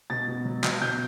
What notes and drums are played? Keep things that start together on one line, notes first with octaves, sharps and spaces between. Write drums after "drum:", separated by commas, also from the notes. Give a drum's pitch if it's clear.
B2 A6
B2
F#3
F#3, drum: clap
B2 G6